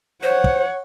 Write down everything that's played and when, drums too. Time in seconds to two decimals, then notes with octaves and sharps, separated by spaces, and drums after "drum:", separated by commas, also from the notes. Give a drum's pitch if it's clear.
0.23 C5 C#5 F#5
0.44 drum: kick